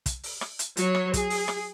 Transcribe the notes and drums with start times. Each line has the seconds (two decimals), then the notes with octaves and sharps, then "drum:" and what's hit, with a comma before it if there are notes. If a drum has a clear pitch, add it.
0.06 drum: kick, hi-hat
0.23 drum: open hi-hat
0.41 drum: rim click
0.59 drum: hi-hat
0.77 F#3 C#5, drum: hi-hat
0.95 drum: rim click
1.14 G#4, drum: kick, hi-hat
1.30 drum: open hi-hat
1.48 drum: rim click